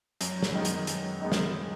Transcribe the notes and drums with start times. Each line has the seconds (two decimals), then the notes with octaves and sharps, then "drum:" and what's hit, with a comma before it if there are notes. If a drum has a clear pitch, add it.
0.21 F#2, drum: hi-hat
0.43 drum: snare
0.54 D#3 G#3 B3
0.65 drum: hi-hat
0.87 F#2, drum: hi-hat
1.21 D#3 G#3 B3
1.32 drum: snare